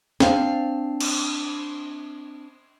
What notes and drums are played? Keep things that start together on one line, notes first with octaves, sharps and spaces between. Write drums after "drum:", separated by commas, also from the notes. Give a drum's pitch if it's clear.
C4 D4 F5, drum: snare
drum: cymbal